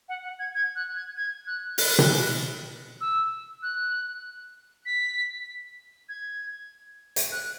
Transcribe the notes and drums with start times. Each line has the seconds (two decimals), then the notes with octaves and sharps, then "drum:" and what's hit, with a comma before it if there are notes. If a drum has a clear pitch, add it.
0.09 F#5
0.24 F#5
0.39 G#6
0.55 G#6
0.76 F#6
0.96 G#6
1.17 G#6
1.47 F#6
1.78 F#6, drum: open hi-hat
1.99 drum: tom B2
3.01 E6
3.63 F#6
4.86 B6
6.09 G#6
7.16 drum: hi-hat
7.32 F#6